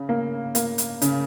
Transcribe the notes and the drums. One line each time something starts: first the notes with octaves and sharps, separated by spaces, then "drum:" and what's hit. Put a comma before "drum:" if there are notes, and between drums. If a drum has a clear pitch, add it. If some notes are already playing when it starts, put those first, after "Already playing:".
Already playing: C#3
A#3
A#3, drum: hi-hat
drum: hi-hat
C#3, drum: hi-hat